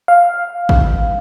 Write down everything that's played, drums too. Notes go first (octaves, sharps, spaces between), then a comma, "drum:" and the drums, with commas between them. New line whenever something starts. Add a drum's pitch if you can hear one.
F5
drum: kick